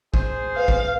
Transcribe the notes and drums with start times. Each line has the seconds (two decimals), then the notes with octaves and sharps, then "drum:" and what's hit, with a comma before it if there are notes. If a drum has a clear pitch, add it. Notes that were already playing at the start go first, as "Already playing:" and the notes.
0.14 G#4 C5, drum: kick
0.56 B4 F5
0.68 drum: kick